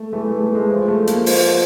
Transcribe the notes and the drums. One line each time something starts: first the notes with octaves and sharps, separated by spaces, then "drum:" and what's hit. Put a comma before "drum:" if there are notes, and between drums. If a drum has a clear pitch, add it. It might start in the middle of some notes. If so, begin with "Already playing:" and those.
Already playing: A3
E3 A3
A3
A3
G#3
F3 G#3
A3
A#3, drum: hi-hat
F3, drum: open hi-hat